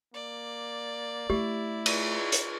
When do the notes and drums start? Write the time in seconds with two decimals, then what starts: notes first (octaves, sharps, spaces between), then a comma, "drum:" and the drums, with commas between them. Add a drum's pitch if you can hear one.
0.14 A#3 D5
1.30 A3 E4 G4
1.86 drum: cymbal
2.32 drum: hi-hat